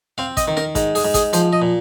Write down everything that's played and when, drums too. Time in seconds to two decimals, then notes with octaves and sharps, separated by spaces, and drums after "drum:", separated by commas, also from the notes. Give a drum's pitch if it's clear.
0.18 C4 F5
0.37 D#5, drum: kick, hi-hat
0.48 D#3
0.57 A#4, drum: snare
0.75 G#2, drum: kick, hi-hat
0.95 G#4, drum: open hi-hat
1.05 G#2
1.14 G#4, drum: kick, hi-hat
1.33 F3 C5, drum: hi-hat
1.53 D#5
1.62 A#2